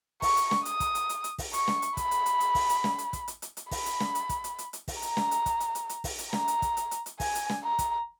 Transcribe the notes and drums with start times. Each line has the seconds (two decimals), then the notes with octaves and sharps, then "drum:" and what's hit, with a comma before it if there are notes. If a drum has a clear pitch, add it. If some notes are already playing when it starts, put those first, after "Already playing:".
0.22 C#6, drum: kick, open hi-hat
0.37 drum: hi-hat
0.51 drum: snare
0.65 D#6, drum: hi-hat
0.80 drum: kick, hi-hat
0.95 drum: hi-hat
1.09 drum: hi-hat
1.24 drum: hi-hat
1.38 drum: kick, open hi-hat
1.53 C#6, drum: hi-hat
1.68 drum: snare
1.82 drum: hi-hat
1.97 B5, drum: kick, hi-hat
2.11 drum: hi-hat
2.26 drum: hi-hat
2.40 drum: hi-hat
2.55 drum: kick, open hi-hat
2.69 drum: hi-hat
2.84 drum: snare
2.98 drum: hi-hat
3.13 drum: kick, hi-hat
3.28 drum: hi-hat
3.42 drum: hi-hat
3.57 drum: hi-hat
3.71 B5, drum: kick, open hi-hat
3.86 drum: hi-hat
4.00 drum: snare
4.15 drum: hi-hat
4.29 drum: kick, hi-hat
4.44 drum: hi-hat
4.58 drum: hi-hat
4.73 drum: hi-hat
4.88 drum: kick, open hi-hat
5.02 A#5, drum: hi-hat
5.17 drum: snare
5.31 drum: hi-hat
5.46 drum: kick, hi-hat
5.60 drum: hi-hat
5.75 drum: hi-hat
5.89 drum: hi-hat
6.04 drum: kick, open hi-hat
6.19 drum: hi-hat
6.33 A#5, drum: snare
6.48 drum: hi-hat
6.62 drum: kick, hi-hat
6.77 drum: hi-hat
6.91 drum: hi-hat
7.06 drum: hi-hat
7.20 G#5, drum: kick, open hi-hat
7.35 drum: hi-hat
7.49 drum: snare
7.64 A#5
7.79 drum: kick, hi-hat